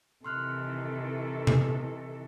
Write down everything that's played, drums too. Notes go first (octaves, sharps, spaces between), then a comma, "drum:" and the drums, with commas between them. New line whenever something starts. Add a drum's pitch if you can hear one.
C3 D#3 E3 A4 C6 F6 F#6
drum: tom C3